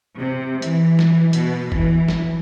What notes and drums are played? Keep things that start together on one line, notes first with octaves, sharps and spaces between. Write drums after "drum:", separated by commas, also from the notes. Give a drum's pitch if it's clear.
C3
E3, drum: hi-hat
drum: snare
B2, drum: hi-hat
E3, drum: kick F#1
drum: snare